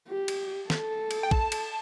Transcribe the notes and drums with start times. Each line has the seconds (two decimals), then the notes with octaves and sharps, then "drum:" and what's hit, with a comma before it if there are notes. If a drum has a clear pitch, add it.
0.08 G4
0.28 drum: cymbal
0.70 A4, drum: snare
1.11 drum: cymbal
1.23 G5
1.31 A5, drum: kick
1.52 drum: cymbal